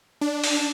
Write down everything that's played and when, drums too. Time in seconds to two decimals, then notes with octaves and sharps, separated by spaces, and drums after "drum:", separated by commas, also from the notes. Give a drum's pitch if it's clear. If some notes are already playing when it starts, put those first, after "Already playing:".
0.21 D4
0.44 drum: open hi-hat